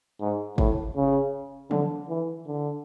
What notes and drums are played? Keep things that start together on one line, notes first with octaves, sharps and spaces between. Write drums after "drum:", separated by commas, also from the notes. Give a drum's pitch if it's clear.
G#2
A2, drum: kick
C#3
D3, drum: tom E3
E3
D3